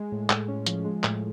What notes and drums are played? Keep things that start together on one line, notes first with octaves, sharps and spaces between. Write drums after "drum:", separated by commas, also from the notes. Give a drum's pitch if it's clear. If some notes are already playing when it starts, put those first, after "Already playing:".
Already playing: G#3
A2
A2, drum: clap
C#4
F3, drum: hi-hat
G#3
A2, drum: clap